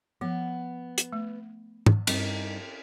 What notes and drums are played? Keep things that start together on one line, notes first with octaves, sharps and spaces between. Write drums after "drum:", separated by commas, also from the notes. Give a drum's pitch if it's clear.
F3 B3
drum: hi-hat
A3
drum: tom
G2 C4 D#4, drum: cymbal